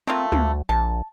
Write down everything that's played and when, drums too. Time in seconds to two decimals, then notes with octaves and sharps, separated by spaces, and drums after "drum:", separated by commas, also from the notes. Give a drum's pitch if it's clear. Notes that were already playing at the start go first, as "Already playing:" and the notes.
0.07 A3 A#3 C4 F4
0.32 D2, drum: tom
0.69 A#1 A5